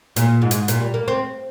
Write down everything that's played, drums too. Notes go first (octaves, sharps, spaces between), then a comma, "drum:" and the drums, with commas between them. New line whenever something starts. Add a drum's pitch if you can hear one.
A#2, drum: hi-hat
G#2
drum: hi-hat
A#2, drum: hi-hat
G3
A#3
C4